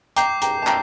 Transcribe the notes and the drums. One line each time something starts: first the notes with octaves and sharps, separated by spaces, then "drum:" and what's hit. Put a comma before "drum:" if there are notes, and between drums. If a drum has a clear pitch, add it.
G5 A#5 D6 G6 C7, drum: hi-hat
G5 A#5, drum: hi-hat
A5
G5 A#5, drum: clap